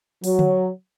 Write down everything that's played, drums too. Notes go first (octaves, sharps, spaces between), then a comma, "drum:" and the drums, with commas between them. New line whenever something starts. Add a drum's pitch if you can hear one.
F#3, drum: open hi-hat
drum: tom D3